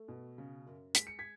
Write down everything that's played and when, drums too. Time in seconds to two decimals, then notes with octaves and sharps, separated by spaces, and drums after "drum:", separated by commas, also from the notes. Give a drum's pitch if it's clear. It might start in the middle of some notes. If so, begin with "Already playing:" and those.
Already playing: A3
0.08 B2
0.38 C#3
0.66 F#2
0.95 G#3 B6, drum: hi-hat
1.07 C#7
1.19 G#6 B6